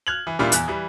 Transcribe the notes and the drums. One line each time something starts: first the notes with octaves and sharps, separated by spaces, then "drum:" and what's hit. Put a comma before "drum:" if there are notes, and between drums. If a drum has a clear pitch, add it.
F6 F#6 G#6 F7 F#7
E3
A#2 G3 D4 E4 F4
E2 F#6, drum: hi-hat
E3 G3